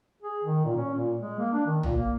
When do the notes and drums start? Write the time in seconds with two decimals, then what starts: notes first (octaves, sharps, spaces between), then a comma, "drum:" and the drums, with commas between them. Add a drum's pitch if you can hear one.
0.22 G#4
0.44 D#3
0.65 A#2
0.77 C#4
0.95 A#2
1.20 G#3
1.39 A#3
1.53 D4
1.66 D#3
1.83 A#2, drum: tom A#1
1.97 A#3